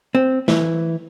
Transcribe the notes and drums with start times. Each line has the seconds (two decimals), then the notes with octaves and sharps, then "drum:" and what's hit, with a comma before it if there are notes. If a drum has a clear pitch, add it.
0.15 C4
0.48 E3, drum: snare